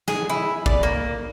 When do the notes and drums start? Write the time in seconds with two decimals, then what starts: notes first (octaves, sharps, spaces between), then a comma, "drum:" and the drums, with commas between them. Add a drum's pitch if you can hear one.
0.08 G#4, drum: snare
0.29 E4
0.66 D5, drum: kick
0.83 A#3